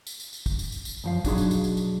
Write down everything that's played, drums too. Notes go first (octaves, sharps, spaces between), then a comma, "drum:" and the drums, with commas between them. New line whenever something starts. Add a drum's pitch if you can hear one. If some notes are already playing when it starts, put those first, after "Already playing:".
drum: tambourine
drum: tambourine
drum: tambourine
drum: kick, tambourine
drum: tambourine
drum: tambourine
drum: tambourine
F#2 F3 F5
B1 F#3 D4 D#4 G#4 C6, drum: kick, tambourine
drum: tambourine
drum: tambourine
drum: tambourine
drum: tambourine